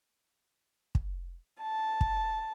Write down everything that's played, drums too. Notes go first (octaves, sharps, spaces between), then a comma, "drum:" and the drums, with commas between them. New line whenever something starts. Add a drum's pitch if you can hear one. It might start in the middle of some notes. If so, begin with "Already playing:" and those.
drum: kick
A5
drum: kick